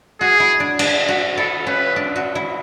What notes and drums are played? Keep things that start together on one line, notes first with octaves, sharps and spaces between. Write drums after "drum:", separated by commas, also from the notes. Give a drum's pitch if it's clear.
F#4 G#4
E4
D4
D4, drum: cymbal
F#4
E4 A4
C#4 B4
D4
F#4
E4